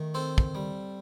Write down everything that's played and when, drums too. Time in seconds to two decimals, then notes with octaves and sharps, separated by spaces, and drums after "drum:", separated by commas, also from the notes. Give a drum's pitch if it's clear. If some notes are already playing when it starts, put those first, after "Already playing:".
Already playing: D#3 A3
0.14 C4 A4 C5
0.38 drum: kick
0.55 G3